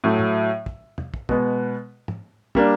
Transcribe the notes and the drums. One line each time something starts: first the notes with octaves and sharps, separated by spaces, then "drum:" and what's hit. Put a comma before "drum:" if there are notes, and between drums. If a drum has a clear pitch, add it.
A2 F#3 A3
drum: tom
drum: kick
drum: tom
drum: kick
B2 G#3 B3, drum: kick
drum: tom
G3 A#3 D4, drum: kick